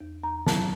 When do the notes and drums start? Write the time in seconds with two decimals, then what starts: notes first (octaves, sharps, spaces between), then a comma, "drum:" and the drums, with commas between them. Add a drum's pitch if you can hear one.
0.01 E2
0.23 E2 A#5
0.46 F#3 A5, drum: snare